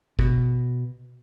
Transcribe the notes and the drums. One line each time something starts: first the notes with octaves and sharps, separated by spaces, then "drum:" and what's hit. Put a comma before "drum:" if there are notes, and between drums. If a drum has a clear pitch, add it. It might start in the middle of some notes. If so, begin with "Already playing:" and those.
B2, drum: kick